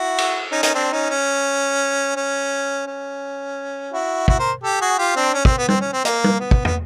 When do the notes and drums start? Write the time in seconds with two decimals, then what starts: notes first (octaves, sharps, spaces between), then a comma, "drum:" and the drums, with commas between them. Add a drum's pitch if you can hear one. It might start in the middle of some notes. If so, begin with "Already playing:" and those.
Already playing: E4 F#4
0.18 drum: cymbal
0.51 C#4 D#4
0.63 C#4 D#4, drum: hi-hat
0.74 C4 D4
0.92 C#4 D#4
1.10 C#4
2.16 C#4
2.86 C#4
3.92 E4 F#4
4.28 E4 F#4, drum: kick
4.39 A#4 C5
4.63 G4 A4
4.81 F#4 G#4
4.98 F4 G4
5.16 C4 D4
5.34 C#4
5.45 C4, drum: kick
5.58 B3
5.68 C4, drum: tom G3
5.81 C#4
5.93 C4
6.05 A#3, drum: hi-hat
6.24 drum: tom G3
6.40 B3
6.51 drum: kick
6.65 B3, drum: tom